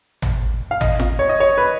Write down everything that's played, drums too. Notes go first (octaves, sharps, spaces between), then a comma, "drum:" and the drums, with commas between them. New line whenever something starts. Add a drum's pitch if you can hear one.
drum: tom G#1
F5
D#5, drum: tom G#1
drum: snare F4
C#5
D#5
C#5
B4